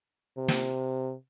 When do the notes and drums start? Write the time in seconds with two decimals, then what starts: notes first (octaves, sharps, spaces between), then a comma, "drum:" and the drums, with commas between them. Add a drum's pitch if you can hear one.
0.38 C3
0.48 drum: snare